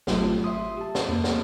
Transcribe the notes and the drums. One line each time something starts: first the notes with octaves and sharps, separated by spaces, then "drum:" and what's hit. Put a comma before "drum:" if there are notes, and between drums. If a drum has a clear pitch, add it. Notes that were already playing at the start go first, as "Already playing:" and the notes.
G#1 F#3 A3 F4 G4, drum: snare
E5 C6 D#6
G4 A5
drum: snare
F2 A#3
drum: snare